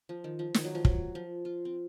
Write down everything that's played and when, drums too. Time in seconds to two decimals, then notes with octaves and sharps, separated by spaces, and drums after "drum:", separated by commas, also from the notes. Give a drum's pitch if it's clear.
0.09 F3
0.24 D#3
0.39 F3
0.54 D#3, drum: snare
0.65 F#3
0.75 F3
0.85 F#3, drum: kick
1.15 F3
1.45 F4
1.65 C4